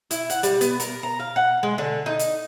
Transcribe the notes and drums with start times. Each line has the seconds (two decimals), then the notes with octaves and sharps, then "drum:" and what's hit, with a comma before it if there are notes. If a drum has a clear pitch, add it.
0.11 E4, drum: hi-hat
0.30 F#5, drum: hi-hat
0.43 G3, drum: hi-hat
0.61 B3, drum: hi-hat
0.80 A#4, drum: hi-hat
1.03 A#5
1.20 F5
1.36 F#5
1.63 G#3
1.78 D3
2.06 D#4
2.19 drum: hi-hat